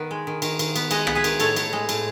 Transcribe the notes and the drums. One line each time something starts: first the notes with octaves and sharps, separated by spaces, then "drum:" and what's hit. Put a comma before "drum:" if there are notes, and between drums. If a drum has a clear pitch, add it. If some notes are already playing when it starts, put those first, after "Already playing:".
Already playing: D#3 B3
G#3
D#3
D#3, drum: cymbal
D#3, drum: cymbal
B3, drum: cymbal
G#3 D#5 F#5, drum: cymbal
B3, drum: rim click
G#4 B4
D#3, drum: cymbal
A2 A4 C#5, drum: cymbal
A2, drum: cymbal
G#3
A2, drum: cymbal